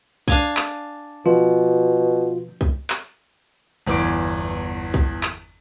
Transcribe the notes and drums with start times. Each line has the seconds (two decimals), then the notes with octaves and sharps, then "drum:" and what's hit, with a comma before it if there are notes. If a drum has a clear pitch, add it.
0.28 D4 F5 G#5, drum: kick C2
0.57 drum: clap
1.26 B2 F3 F4
2.61 drum: kick C2
2.90 drum: clap
3.86 G1 E2 E3 D6 D7
4.94 drum: kick C2
5.23 drum: clap